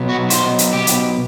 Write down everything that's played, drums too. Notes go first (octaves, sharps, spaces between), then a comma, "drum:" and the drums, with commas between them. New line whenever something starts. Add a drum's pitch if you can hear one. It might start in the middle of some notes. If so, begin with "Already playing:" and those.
Already playing: B2 F#3
F#4
C5, drum: hi-hat
drum: hi-hat
G4
drum: hi-hat